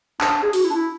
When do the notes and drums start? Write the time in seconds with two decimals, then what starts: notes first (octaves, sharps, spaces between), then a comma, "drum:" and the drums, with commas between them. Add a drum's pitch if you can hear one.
0.21 D4, drum: clap
0.43 G#4
0.53 F#4, drum: open hi-hat
0.64 E4
0.70 D4
0.75 E4